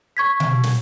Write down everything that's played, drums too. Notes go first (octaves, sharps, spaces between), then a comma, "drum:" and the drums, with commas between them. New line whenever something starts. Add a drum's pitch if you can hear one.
C#6 G#6 B6
drum: tom B2
drum: snare